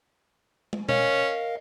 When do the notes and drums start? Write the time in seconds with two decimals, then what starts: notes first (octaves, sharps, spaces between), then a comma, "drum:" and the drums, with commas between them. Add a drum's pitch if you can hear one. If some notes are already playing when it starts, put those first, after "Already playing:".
0.73 drum: tom
0.89 C#4 A#4 D#5 F5, drum: tom B2